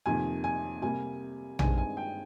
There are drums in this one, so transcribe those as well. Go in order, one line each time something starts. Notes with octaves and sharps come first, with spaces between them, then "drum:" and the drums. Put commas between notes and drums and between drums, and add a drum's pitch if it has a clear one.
F2 C3 D#3 A#3 G#5
G#5
C3 G3 A#3 G#5
G2 D#3 G#3 C4 G#5, drum: tom A#1
G#5
G5